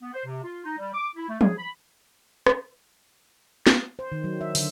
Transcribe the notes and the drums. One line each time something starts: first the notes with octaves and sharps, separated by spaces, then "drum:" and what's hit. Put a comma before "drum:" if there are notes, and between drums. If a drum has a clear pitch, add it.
B3
C5
C3
F4
D#4
G3
D6
E4
A3
G#4, drum: tom
B5
drum: rim click
drum: snare
C5
D#3
F#3
E5
D3, drum: open hi-hat